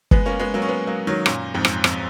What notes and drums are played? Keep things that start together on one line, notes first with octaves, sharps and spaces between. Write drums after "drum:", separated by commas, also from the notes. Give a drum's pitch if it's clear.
G#3 B3, drum: kick
A#3 C#4
G#3 B3
F#3 A#3
C#4
G#3 B3
F#3 A#3
D#3 F#3
F#2 A#2, drum: rim click
F2 G#2
drum: rim click
F2, drum: rim click